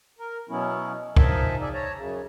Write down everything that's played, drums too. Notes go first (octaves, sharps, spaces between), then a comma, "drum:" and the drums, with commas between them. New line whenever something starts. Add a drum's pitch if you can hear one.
A#4
B2 F#3 B3 C#4 E4
F3 D#4 A#4 E5 G#5 A5, drum: kick
G#4 D5 E5
C#5 A5 A#5
F#2 C#3